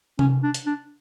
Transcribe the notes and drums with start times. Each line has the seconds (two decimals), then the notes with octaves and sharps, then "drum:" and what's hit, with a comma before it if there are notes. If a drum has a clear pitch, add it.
0.19 C#4, drum: tom C3
0.43 D4
0.54 drum: hi-hat
0.66 D4